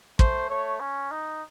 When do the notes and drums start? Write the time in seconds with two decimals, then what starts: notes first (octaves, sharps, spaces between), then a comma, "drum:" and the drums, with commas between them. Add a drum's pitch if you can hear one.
0.19 A3 C5, drum: kick
0.50 A3 C#5
0.80 C#4
1.11 D#4